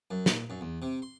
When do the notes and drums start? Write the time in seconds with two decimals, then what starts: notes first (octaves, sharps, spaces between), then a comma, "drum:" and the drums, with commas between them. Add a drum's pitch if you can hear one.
0.11 F#2
0.26 A#2, drum: snare
0.50 F#2
0.61 E2
0.82 C3
1.02 C6